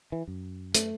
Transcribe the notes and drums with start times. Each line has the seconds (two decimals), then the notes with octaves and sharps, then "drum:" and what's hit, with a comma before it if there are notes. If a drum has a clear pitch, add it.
0.12 E3
0.28 F#2
0.75 A3, drum: hi-hat